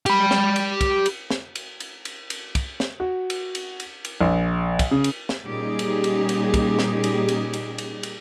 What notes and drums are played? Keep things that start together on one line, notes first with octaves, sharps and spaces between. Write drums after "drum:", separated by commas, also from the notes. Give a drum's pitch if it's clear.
G4 B5, drum: cymbal
drum: snare
drum: cymbal
drum: kick, cymbal
drum: cymbal
drum: snare
drum: cymbal
drum: cymbal
drum: cymbal
drum: cymbal
drum: kick, cymbal
drum: snare
F#4
drum: cymbal
drum: cymbal
drum: cymbal
drum: cymbal
A#1
drum: kick, cymbal
C#3
drum: cymbal
drum: snare
A#2 G3 C#4 D#4 G4 G#4
drum: cymbal
drum: cymbal
drum: cymbal
drum: kick, cymbal
drum: snare
drum: cymbal
drum: cymbal
drum: cymbal
drum: cymbal
drum: cymbal